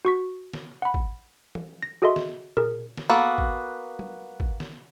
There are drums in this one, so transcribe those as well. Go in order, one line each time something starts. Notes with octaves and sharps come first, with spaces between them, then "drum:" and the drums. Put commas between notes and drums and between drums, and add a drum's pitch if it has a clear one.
F#4 C#6 B6
drum: snare
F#5 B5
drum: kick G#1
drum: tom
A#6
F#4 G#4 A4 D#5 E5 C6
drum: snare
G#4 A#4, drum: tom A#2
drum: snare
A#3 B3 F#4 A4
drum: kick G#1
drum: tom F#3
drum: kick G#1
drum: snare